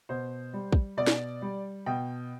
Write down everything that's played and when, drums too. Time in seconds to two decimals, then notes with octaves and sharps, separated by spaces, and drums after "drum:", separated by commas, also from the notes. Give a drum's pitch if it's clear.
0.09 B2 C5
0.53 G3
0.73 drum: kick
0.97 B2 D5
1.07 drum: snare
1.42 G3
1.86 B2 G5